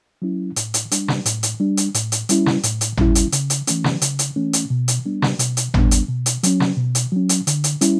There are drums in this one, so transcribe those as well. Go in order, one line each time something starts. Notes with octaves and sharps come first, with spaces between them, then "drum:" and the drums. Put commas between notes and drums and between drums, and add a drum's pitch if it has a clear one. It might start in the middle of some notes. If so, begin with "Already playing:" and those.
F#3 C#4 E4
A2, drum: hi-hat
drum: hi-hat
G3 D4, drum: hi-hat
drum: snare
A2, drum: hi-hat
drum: hi-hat
G3 D4
drum: hi-hat
A2, drum: hi-hat
drum: hi-hat
G3 C#4 E4, drum: hi-hat
drum: snare
A2, drum: hi-hat
drum: hi-hat
G3 C#4 E4, drum: tom G#1
drum: hi-hat
C#3, drum: hi-hat
drum: hi-hat
E3 A3 C#4, drum: hi-hat
drum: snare
C#3, drum: hi-hat
drum: hi-hat
E3 A3 C#4
drum: hi-hat
B2
drum: hi-hat
G3 B3 D4
drum: snare
B2, drum: hi-hat
drum: hi-hat
G3 B3 D4, drum: tom G#1
drum: hi-hat
B2
drum: hi-hat
F#3 C#4, drum: hi-hat
drum: snare
B2
drum: hi-hat
F#3 C#4
drum: hi-hat
D3, drum: hi-hat
drum: hi-hat
G3 C#4 E4, drum: hi-hat